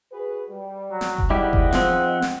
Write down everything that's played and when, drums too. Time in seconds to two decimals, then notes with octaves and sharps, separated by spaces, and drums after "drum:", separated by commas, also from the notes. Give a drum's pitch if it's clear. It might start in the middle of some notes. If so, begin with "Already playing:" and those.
0.12 F#4 G#4 B4
0.49 G3
0.91 F#3
1.01 drum: snare
1.18 drum: kick F#1
1.30 D#2 G#2 G3 E4 G4 D#5 F#5
1.53 drum: kick F#1
1.73 F3 C4, drum: snare
2.22 drum: snare